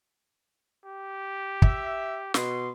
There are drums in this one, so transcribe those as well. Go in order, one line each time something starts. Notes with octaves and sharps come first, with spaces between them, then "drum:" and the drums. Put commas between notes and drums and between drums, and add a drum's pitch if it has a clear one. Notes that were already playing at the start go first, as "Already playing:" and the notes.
G4
E5, drum: kick
B2 C6, drum: snare